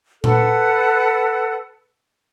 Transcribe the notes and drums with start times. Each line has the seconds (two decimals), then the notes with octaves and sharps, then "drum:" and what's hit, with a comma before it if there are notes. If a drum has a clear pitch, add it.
0.24 A4 B4 F#5, drum: tom A#2